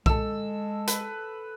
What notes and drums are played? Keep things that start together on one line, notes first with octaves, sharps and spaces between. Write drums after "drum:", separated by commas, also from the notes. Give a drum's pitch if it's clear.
G#3 A4 E6, drum: kick B1
B4, drum: hi-hat